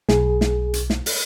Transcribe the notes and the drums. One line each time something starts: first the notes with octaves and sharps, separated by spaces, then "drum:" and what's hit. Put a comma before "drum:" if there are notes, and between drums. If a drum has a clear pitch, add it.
B1 G#4, drum: snare
drum: snare
drum: hi-hat
drum: snare
drum: open hi-hat